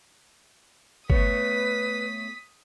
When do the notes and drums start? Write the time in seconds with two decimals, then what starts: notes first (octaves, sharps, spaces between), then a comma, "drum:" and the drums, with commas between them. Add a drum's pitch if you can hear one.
1.10 A3 B3 B4 C#5 D#6 B6, drum: kick